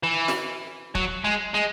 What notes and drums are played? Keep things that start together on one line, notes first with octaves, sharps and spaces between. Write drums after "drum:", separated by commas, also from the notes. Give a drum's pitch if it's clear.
E3
drum: snare
F#3, drum: kick
G#3
G#3